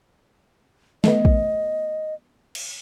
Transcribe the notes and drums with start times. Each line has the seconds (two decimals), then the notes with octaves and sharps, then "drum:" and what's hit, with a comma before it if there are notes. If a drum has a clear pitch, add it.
1.04 A3 B3 D#5, drum: snare
1.25 drum: kick
2.55 drum: cymbal